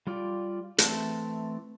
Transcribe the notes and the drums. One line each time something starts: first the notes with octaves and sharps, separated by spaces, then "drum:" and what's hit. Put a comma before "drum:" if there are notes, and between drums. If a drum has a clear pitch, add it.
G3 F4 D5
E3 A3 C4 E5 A5, drum: hi-hat